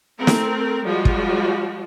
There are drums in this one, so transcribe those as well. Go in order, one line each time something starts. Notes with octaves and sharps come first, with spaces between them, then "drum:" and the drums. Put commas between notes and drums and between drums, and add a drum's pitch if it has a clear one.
A3 C4 A#4
drum: snare
F3 G3 G#3 F4 F#4
drum: kick